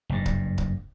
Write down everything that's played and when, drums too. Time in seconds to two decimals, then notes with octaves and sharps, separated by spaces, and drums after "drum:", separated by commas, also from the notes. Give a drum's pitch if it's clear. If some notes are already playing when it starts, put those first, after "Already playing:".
0.09 F#1 G2
0.26 drum: kick C#1
0.58 drum: kick C#1